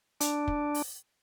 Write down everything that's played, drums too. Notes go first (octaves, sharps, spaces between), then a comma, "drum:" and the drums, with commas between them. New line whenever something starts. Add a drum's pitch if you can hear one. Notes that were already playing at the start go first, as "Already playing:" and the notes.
D4, drum: hi-hat
drum: kick
drum: open hi-hat